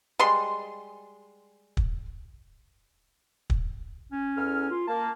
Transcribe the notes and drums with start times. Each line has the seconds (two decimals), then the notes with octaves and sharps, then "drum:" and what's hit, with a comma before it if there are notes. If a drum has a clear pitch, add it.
0.19 G3 G#3 C6
1.77 drum: kick
3.50 drum: kick
4.12 C#4
4.36 E2 A4 F6
4.71 F4
4.88 A#3 A5